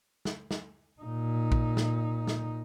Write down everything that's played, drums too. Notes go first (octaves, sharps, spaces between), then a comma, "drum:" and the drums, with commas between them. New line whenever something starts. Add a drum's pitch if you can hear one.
drum: snare
drum: snare
A#2 D#4
drum: kick
drum: snare
drum: snare